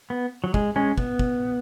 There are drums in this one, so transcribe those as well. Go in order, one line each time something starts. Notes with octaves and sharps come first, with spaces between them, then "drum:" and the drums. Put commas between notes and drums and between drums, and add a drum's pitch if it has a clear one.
B3
F#3
G#3, drum: kick
G#3 C#4
B3, drum: kick
drum: kick